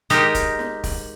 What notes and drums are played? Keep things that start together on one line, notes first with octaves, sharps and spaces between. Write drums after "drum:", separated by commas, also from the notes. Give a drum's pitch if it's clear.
G#3 D#4 G4 A#4, drum: hi-hat
drum: kick, hi-hat
drum: snare
drum: kick, open hi-hat